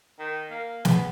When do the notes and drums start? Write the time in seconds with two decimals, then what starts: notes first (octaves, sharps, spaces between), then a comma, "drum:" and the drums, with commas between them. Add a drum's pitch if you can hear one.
0.19 D#3
0.50 A#3
0.85 B3, drum: snare